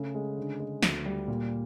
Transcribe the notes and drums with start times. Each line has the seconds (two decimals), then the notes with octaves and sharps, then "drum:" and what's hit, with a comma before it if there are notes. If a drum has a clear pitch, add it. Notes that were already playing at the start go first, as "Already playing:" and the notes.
Already playing: C#3 A3
0.15 G#3
0.37 D3
0.60 G#3
0.83 D2, drum: snare
1.06 G3
1.28 A#2